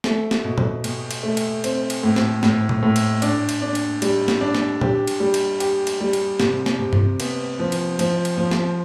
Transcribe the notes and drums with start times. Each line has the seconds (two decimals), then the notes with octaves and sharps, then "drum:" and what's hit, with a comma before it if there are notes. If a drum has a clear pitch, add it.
0.04 A3, drum: snare
0.31 drum: snare
0.44 B2
0.58 drum: tom A#2
0.84 B2, drum: cymbal
1.11 drum: cymbal
1.23 A3
1.37 drum: cymbal
1.64 C4, drum: cymbal
1.90 drum: cymbal
2.03 A2
2.16 drum: snare
2.43 A2, drum: snare
2.69 drum: tom A#2
2.83 A2
2.96 drum: cymbal
3.22 D4, drum: cymbal
3.49 drum: cymbal
3.62 D4
3.75 drum: cymbal
4.02 G3, drum: cymbal
4.28 drum: snare
4.41 D4
4.55 drum: snare
4.81 G4, drum: tom A#2
5.07 drum: cymbal
5.20 G3
5.34 drum: cymbal
5.60 G4, drum: cymbal
5.87 drum: cymbal
6.01 G3
6.13 drum: cymbal
6.40 C3, drum: snare
6.66 drum: snare
6.79 C3
6.93 drum: tom G2
7.20 B3, drum: cymbal
7.59 F3
7.72 drum: cymbal
7.99 F3, drum: cymbal
8.25 drum: cymbal
8.38 F3
8.51 drum: snare